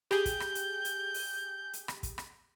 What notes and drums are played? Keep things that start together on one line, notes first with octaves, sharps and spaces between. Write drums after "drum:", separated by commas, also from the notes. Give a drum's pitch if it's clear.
G4 G#4 G6, drum: rim click
drum: kick, hi-hat
drum: rim click
drum: hi-hat
drum: hi-hat
drum: open hi-hat
drum: hi-hat
drum: rim click
drum: kick, hi-hat
drum: rim click